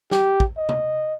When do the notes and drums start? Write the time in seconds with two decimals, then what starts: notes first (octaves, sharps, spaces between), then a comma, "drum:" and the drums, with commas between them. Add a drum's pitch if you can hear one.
0.11 G4, drum: snare
0.40 drum: kick
0.57 D#5
0.69 drum: tom C3